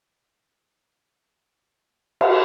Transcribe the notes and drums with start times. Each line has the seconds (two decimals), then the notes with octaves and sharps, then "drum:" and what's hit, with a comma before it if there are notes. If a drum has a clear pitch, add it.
0.50 D4 F4 A4
2.21 drum: cymbal